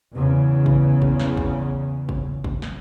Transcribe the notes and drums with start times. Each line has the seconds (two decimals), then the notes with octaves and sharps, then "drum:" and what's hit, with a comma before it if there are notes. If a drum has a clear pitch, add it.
0.12 E2 C#3
0.66 drum: kick
1.02 drum: kick
1.20 drum: snare
1.37 drum: kick
2.09 drum: kick
2.44 drum: kick
2.62 drum: snare